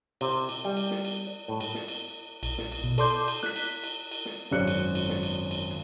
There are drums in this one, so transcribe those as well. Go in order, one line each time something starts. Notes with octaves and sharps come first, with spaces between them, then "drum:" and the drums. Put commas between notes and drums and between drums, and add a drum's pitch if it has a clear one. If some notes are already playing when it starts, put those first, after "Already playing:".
C3, drum: cymbal
drum: cymbal
G3
drum: cymbal
drum: snare
drum: cymbal
A2
drum: cymbal
drum: snare
drum: cymbal
A#1, drum: cymbal
drum: snare
drum: cymbal
B2
A4 D5 C6 D6 G6, drum: cymbal
drum: cymbal
F#6 B6, drum: snare
drum: cymbal
drum: cymbal
drum: cymbal
drum: snare
G#1 F#2 C#4 D5 F#6 C#7
drum: cymbal
drum: cymbal
drum: snare
drum: cymbal
drum: cymbal